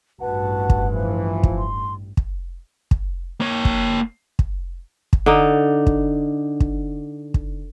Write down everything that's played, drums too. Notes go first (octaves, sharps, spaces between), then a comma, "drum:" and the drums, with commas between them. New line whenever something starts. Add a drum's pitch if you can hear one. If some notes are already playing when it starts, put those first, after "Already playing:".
A1 G2 F#4 B4 F#5 A5
drum: kick
E3 F3
drum: kick
C6
drum: kick
drum: kick
A#3 C#5
drum: kick
drum: kick
drum: kick
D3 D#4
drum: kick
drum: kick
drum: kick